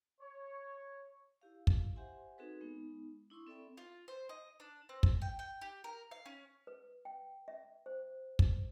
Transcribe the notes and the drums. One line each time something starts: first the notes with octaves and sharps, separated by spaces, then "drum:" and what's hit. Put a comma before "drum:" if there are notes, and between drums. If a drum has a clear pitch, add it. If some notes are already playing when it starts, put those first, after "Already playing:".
C#5
E4 G4 F5
drum: kick
G4 C5 E5 F#5 G#5 C6
C4 D#4 F#4 G#4 A4 B4
G#3 B3 D#4
D4 E4 C6 C#6 D#6
C4 A4 D5 E5 G5 B5
F4
C5
D#5
D4
C4
drum: kick
G5
G5
G4
A#4
F5
C#4
B4
G5
E5
C5
drum: kick